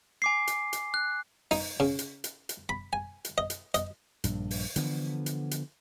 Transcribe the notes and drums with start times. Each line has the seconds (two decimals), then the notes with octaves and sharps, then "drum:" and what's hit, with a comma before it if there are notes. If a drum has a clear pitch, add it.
0.22 G#5 D6 C7
0.47 drum: hi-hat
0.73 drum: hi-hat
0.94 F#6
1.51 D#4, drum: open hi-hat
1.80 C#3
1.99 drum: hi-hat
2.24 drum: hi-hat
2.49 drum: hi-hat
2.69 B5
2.93 G#5
3.25 drum: hi-hat
3.38 D#5
3.50 drum: hi-hat
3.74 D#5, drum: hi-hat
4.24 A#1 G2, drum: hi-hat
4.51 drum: open hi-hat
4.76 D3 E3 F3 B3, drum: hi-hat
5.26 drum: hi-hat
5.51 drum: hi-hat